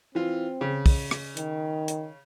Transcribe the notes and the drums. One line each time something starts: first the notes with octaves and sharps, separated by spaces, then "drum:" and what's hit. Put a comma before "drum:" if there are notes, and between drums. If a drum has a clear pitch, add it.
E3 C4 F4
C#3
drum: kick, open hi-hat
drum: rim click
D#3, drum: hi-hat
drum: hi-hat